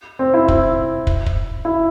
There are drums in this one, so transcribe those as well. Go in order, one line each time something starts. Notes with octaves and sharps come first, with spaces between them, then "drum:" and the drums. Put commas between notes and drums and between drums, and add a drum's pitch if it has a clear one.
C4
E4
E4, drum: kick
drum: kick
drum: kick
E4